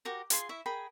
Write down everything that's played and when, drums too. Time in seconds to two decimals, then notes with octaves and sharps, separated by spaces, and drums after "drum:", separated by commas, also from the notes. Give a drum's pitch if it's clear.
0.05 F#4 G4 A#4 C5
0.30 F4 G#4 C6, drum: hi-hat
0.49 E4 E5 C#6
0.66 G#4 A#4 G5 B5